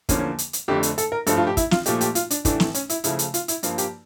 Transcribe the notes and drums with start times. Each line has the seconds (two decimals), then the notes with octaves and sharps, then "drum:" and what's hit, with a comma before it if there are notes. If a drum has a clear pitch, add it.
0.09 E2 D3 F3 A#3 C#4, drum: kick, hi-hat
0.19 C#4
0.38 drum: hi-hat
0.53 drum: hi-hat
0.68 F2 D3 A3 G4
0.83 drum: hi-hat
0.98 A4, drum: hi-hat
1.12 A#4
1.27 G2 F3 A3 A4, drum: hi-hat
1.37 F4
1.47 G4
1.57 E4, drum: kick, hi-hat
1.71 F4, drum: snare
1.86 A#2 F3 A3 G4, drum: hi-hat
2.01 G4, drum: hi-hat
2.15 F4, drum: hi-hat
2.31 D4, drum: hi-hat
2.45 A2 E3 A3 D4, drum: kick, hi-hat
2.60 drum: snare
2.74 C#4, drum: hi-hat
2.90 E4, drum: hi-hat
3.04 C#3 F3 A3 E4, drum: hi-hat
3.19 drum: hi-hat
3.34 F4, drum: hi-hat
3.48 E4, drum: hi-hat
3.63 G2 F3 A#3, drum: hi-hat
3.78 G4, drum: hi-hat